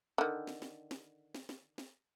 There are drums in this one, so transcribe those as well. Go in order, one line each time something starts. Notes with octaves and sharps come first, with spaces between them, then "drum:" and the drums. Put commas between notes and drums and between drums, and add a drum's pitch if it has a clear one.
D3 D#3
drum: snare
drum: snare
drum: snare
drum: snare
drum: snare
drum: snare